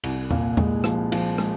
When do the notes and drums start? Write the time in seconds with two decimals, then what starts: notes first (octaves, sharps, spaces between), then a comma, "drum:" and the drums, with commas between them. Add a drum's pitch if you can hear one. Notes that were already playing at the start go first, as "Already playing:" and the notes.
0.04 C2, drum: cymbal
0.31 A#2, drum: tom E2
0.57 G#3, drum: tom E2
0.84 F3, drum: rim click
1.12 F3, drum: cymbal
1.38 G#3, drum: rim click